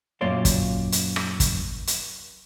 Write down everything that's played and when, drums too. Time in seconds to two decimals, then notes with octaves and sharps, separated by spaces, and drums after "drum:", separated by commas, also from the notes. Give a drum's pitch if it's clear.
0.21 F#2 A#2 C#5 D5 F5 C6
0.45 drum: kick, hi-hat
0.92 drum: hi-hat
1.16 drum: rim click
1.40 drum: kick, hi-hat
1.87 drum: hi-hat